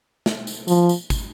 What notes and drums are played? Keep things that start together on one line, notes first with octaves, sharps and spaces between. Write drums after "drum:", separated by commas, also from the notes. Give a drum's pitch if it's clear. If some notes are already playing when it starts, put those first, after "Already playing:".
drum: snare
drum: tambourine
F3, drum: tambourine
drum: tambourine
drum: kick, tambourine